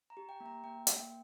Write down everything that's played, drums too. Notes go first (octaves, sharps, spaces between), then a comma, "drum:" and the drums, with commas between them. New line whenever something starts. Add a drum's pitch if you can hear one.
A#5
G4
G5
A#3
A#5
A#3 G5
A#3, drum: hi-hat